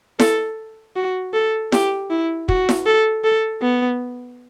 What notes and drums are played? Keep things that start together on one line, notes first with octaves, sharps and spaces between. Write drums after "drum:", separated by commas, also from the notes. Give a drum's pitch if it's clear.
A4, drum: snare E4
F#4
A4
G4, drum: snare E4
E4
F#4, drum: kick
drum: snare E4
A4
A4
B3